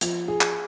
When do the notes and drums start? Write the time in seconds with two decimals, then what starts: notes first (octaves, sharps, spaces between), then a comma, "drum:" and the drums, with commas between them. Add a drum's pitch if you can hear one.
0.01 F3, drum: hi-hat
0.28 G#4
0.41 drum: clap